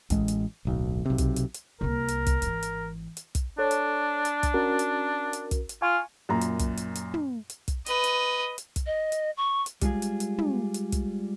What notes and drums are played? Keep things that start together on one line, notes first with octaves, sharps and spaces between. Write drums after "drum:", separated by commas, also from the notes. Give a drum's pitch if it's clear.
A1 G#3, drum: kick, hi-hat
drum: hi-hat
D1 B1
B1 C3
drum: kick, hi-hat
drum: hi-hat
drum: hi-hat
C2 A#3 A#4
drum: hi-hat
drum: kick, hi-hat
G#1 E3, drum: hi-hat
drum: hi-hat
drum: hi-hat
drum: kick, hi-hat
D4 A4 C#5
drum: hi-hat
drum: hi-hat
drum: kick, hi-hat
C#4 F#4 A#4
drum: hi-hat
drum: hi-hat
drum: kick, hi-hat
drum: hi-hat
F4 F5 G#5 C#6
F#2 A#2 A#5
drum: hi-hat
drum: kick, hi-hat
drum: hi-hat
drum: hi-hat
drum: tom
drum: hi-hat
drum: kick, hi-hat
B4 D#5, drum: hi-hat
drum: hi-hat
drum: hi-hat
drum: kick, hi-hat
D#5
drum: hi-hat
C#6
drum: hi-hat
G3 G#3 F4 G#4, drum: kick, hi-hat
drum: hi-hat
drum: hi-hat
drum: tom
drum: hi-hat
drum: kick, hi-hat